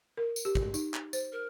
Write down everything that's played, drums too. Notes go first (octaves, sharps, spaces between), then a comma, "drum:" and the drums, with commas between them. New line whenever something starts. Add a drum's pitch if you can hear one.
A#4
drum: tambourine
G4
drum: kick
D#4, drum: tambourine
drum: clap
C5, drum: tambourine
A#4